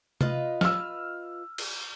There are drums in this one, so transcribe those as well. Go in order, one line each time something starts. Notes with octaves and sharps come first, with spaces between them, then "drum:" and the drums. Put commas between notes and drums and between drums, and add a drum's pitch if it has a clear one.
F4 B4 D#5, drum: tom C3
E6 F6, drum: snare
drum: cymbal